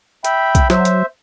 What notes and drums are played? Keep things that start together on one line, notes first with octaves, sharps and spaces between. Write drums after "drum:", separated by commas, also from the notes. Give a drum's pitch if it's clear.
E5 G5 B5, drum: hi-hat
drum: kick B1, hi-hat
F#3 C5 E5, drum: snare
drum: hi-hat